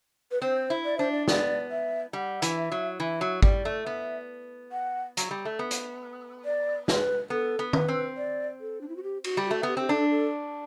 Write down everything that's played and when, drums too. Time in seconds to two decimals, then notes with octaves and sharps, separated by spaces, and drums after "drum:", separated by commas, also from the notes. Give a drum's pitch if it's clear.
0.31 B4
0.42 C4 C5
0.70 E4
0.85 D5
0.98 D4 C5
1.12 D5
1.28 B3 D5, drum: snare
1.71 E5
2.13 G3 F#5
2.42 E3, drum: hi-hat
2.57 E5
2.72 F#3
3.00 E3 E5
3.21 F#3
3.43 G3 D5, drum: kick G#1
3.65 A3
3.86 B3 E5
4.72 F#5
5.17 F#3, drum: hi-hat
5.31 G3
5.45 A3
5.59 B3
5.71 drum: hi-hat
6.45 D5
6.88 B4, drum: snare
7.30 B3 A4
7.59 B3
7.73 B4, drum: tom
7.88 C4
8.17 D5
8.61 A4
8.81 D4
8.89 E4
8.97 F#4
9.03 G4
9.24 F#4, drum: cymbal
9.37 G3
9.46 A3 F#4
9.63 B3 G4
9.77 C4 G4
9.89 D4 A4
10.11 A4